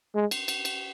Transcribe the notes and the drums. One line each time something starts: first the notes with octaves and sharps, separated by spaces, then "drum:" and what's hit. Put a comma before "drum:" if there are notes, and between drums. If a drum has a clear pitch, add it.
G#3
drum: cymbal
drum: cymbal
drum: cymbal